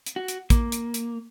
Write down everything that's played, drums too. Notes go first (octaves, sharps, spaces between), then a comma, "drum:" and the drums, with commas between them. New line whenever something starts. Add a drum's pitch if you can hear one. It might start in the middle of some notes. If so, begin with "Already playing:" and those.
drum: hi-hat
F#4
drum: hi-hat
A#3, drum: kick, hi-hat
drum: hi-hat
drum: hi-hat